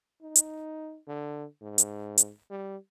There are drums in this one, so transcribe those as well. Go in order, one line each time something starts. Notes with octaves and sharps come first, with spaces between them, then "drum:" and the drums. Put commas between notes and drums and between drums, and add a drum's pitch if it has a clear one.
D#4
drum: hi-hat
D3
G#2
drum: hi-hat
drum: hi-hat
G3